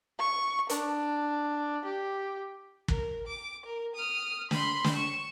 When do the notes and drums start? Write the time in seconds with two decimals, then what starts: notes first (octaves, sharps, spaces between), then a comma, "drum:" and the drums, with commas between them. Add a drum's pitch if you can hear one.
0.19 C#6
0.69 D4, drum: hi-hat
1.85 G4
2.88 A#4, drum: kick
3.27 D6
3.66 A#4
3.95 D#6 F6
4.51 B5 C6, drum: snare
4.84 drum: snare
4.96 C#6 E7